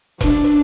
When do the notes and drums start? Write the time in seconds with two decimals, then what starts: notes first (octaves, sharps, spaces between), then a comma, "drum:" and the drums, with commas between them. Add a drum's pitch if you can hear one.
0.21 D4, drum: kick E1, hi-hat
0.44 drum: hi-hat